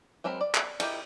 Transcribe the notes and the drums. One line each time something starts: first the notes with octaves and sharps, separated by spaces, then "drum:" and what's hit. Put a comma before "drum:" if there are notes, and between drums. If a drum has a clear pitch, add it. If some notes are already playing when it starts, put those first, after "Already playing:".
F#3 G#3 C4 A#4 B5
D5
drum: clap
E4 G4 A#4 D#5, drum: cymbal